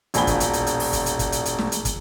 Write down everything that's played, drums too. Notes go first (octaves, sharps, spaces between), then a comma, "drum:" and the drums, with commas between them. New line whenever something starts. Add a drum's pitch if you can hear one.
E1 A#1 F3 G#5 B5 G7, drum: hi-hat
drum: kick, hi-hat
drum: hi-hat
drum: hi-hat
drum: hi-hat
drum: open hi-hat
drum: kick, hi-hat
drum: hi-hat
drum: kick, hi-hat
drum: hi-hat
drum: hi-hat
drum: snare
drum: hi-hat
drum: kick, hi-hat